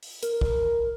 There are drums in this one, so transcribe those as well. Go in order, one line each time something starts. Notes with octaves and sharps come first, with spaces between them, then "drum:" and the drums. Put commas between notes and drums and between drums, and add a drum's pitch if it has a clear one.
drum: open hi-hat
A#4, drum: hi-hat
drum: kick